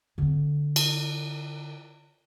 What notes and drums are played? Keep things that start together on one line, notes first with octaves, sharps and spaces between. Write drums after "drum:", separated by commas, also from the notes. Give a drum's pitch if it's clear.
D3 C4
drum: cymbal